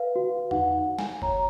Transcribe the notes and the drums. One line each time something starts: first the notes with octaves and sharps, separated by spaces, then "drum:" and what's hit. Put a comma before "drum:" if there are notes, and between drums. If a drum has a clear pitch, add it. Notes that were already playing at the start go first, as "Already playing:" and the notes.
Already playing: B4 F5
F#4
D#4 F#5, drum: tom E2
D#4
G#5, drum: snare
C#5 A#5, drum: kick G1